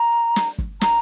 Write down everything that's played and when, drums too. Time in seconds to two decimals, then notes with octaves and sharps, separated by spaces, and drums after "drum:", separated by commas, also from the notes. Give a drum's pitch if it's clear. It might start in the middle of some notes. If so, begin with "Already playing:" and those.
Already playing: A#5
0.36 drum: snare
0.58 drum: kick
0.81 A#5, drum: snare